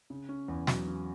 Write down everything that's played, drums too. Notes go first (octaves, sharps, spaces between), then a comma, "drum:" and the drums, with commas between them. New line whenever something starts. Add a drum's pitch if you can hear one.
C#3
C#4
E2
F#3, drum: snare
C#4